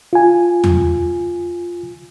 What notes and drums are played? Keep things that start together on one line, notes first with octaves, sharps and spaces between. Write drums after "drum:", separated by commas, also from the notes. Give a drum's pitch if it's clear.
F4 G#5
drum: tom E2